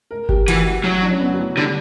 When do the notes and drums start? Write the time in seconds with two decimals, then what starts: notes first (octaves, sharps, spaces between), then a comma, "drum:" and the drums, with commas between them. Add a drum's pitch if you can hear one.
0.11 A#4
0.29 G4, drum: kick G1
0.48 E3 F#4, drum: hi-hat
0.66 F#4
0.84 F#3 E4
1.02 D4
1.08 C#4
1.20 B3
1.34 F#3
1.39 E3
1.57 D3 G3